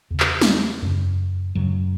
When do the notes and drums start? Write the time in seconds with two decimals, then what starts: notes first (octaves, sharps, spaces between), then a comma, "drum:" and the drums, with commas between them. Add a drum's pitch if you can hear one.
0.11 E2 C#3
0.20 drum: clap
0.41 drum: snare
0.82 F#2 C#3
1.55 F#2 C#3 F#3